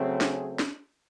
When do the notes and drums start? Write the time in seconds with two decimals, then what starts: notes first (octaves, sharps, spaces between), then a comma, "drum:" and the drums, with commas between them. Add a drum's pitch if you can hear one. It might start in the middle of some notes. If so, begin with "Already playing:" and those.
Already playing: C#3 F#3 A3 C4
0.21 G#4, drum: snare
0.59 drum: snare